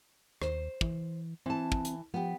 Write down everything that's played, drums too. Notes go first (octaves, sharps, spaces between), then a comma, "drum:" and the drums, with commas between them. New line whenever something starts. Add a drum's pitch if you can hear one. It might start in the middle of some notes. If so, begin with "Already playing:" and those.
D#2 C5, drum: rim click
E3, drum: kick
E3 C4 A5
drum: kick
drum: hi-hat
F3 B3 G4